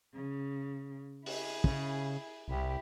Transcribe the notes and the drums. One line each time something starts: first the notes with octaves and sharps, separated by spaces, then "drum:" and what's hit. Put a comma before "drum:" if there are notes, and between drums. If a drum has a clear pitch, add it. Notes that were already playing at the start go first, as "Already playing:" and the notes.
C#3
E4 G#4, drum: open hi-hat
C#3, drum: kick
C2 E4 G4